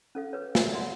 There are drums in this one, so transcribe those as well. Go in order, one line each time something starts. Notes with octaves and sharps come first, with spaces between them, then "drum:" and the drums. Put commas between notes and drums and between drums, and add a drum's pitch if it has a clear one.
C#4 A4 F5
G#4 B4 C#5
A#4 C#5 E5, drum: snare
D5 F#5 C6